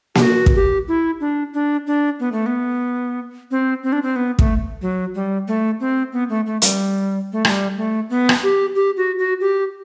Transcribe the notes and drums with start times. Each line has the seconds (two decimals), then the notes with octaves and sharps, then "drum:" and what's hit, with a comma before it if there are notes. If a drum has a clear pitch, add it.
0.15 G4, drum: snare A#3
0.22 F#4
0.46 drum: kick
0.55 G4
0.88 E4
1.21 D4
1.54 D4
1.87 D4
2.20 B3
2.32 A3
2.46 B3
3.51 C4
3.83 C4
3.92 D4
4.03 C4
4.16 B3
4.39 A3, drum: kick
4.82 F#3
5.15 G3
5.48 A3
5.80 C4
6.13 B3
6.29 A3
6.46 A3
6.62 G3, drum: hi-hat
7.33 A3
7.45 A3, drum: rim click
7.49 G3
7.77 A3
8.10 B3
8.29 drum: rim click
8.43 G4
8.75 G4
8.97 F#4
9.19 F#4
9.41 G4